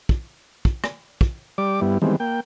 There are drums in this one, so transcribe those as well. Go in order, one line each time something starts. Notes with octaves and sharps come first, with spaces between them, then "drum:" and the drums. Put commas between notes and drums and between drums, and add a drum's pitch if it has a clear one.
drum: kick
drum: kick
drum: rim click
drum: kick
G3 D5 D6
G2 G3 B3 E4
D#3 E3 G3 G#3 B3 C4
A#3 G5